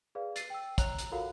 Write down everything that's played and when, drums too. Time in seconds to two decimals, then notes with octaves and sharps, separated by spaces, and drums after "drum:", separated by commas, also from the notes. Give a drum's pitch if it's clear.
0.15 G#4 B4 D5 F5
0.36 A6 C7 D#7, drum: hi-hat
0.50 G5 E6
0.78 C#5 A#5 F#6 F7, drum: kick, hi-hat
0.98 drum: hi-hat
1.12 F4 F#4 A4 A#4 F5 F#5